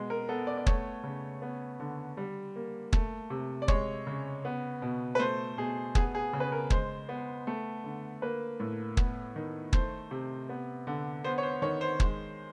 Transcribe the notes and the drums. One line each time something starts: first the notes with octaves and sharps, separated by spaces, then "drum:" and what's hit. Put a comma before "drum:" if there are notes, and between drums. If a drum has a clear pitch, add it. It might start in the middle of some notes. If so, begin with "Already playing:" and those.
Already playing: B2 G#3 B3
A#4
B3 A4
D5
D5
A3 C#5, drum: kick
C#3
B3
D3
G3
A#3
A3, drum: kick
C3
D5
G#3 C#5, drum: kick
C#3
B3
B2
B4
A3 C5
B2 G#4
B3 G#4, drum: kick
G#4
C#3
B4
A#4
G#3 C5, drum: kick
B3
A3
D3
A#3 B4
A2
B3, drum: kick
D#3
A3 C5, drum: kick
C3
B3
D3
B3 C5
C#5
C5
D#3 C#5
C5
G#3, drum: kick